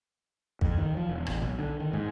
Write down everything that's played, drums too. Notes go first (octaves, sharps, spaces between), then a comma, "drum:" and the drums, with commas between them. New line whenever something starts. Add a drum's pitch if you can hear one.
F2, drum: kick
D#3
F3
E1
A1, drum: rim click
B1
D3
D#3
G#2